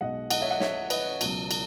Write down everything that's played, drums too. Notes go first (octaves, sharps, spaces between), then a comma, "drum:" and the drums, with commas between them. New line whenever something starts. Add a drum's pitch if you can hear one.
B1 B2 G#3 D#5 F#5
D#5 F#5, drum: cymbal
C#5 E5
D#5 F#5
C#5 E5, drum: snare
B4 D#5, drum: cymbal
C#2 B2 F#3, drum: cymbal
drum: cymbal